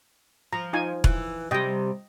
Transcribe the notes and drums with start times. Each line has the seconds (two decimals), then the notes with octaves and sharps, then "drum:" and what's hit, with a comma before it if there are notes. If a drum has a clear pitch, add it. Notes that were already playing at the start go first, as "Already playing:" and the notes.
0.53 F3 A#5
0.73 D#4 F4 G#5
1.04 E3, drum: kick E1
1.51 C3 G3 D#5 G5